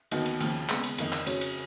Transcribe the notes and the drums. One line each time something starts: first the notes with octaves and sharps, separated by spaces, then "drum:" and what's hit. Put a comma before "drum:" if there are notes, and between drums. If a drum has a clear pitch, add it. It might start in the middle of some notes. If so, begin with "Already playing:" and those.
D#2 D#3 F#3 B3 D#4, drum: cymbal
drum: cymbal
D#2 C#3 F3, drum: cymbal
C#3 G#3 B3, drum: clap
drum: cymbal
F2 D#3 A#3 D#4, drum: cymbal
drum: clap
C#3 F#3 C#4, drum: cymbal
drum: cymbal